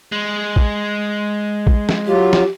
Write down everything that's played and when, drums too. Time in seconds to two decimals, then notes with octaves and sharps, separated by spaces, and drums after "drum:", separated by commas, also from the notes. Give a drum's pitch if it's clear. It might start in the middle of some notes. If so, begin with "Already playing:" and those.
0.12 G#3
0.56 drum: kick
1.67 drum: kick
1.89 drum: snare
2.07 F#3 F4 G4
2.33 drum: snare